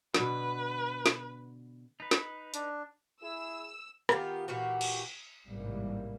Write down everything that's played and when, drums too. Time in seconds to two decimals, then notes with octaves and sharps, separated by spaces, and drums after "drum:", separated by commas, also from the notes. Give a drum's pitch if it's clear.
0.14 B2 D3 B3 B4, drum: snare
1.06 drum: snare
2.00 D#4 B4
2.11 drum: snare
2.54 D4, drum: hi-hat
3.23 E4 G#4 E6
4.09 D#3 B3 F4 G4, drum: rim click
4.48 A#2 E3 F#4 G4
4.81 drum: cymbal
5.49 A1 G#2 C3 E3 G3 A#3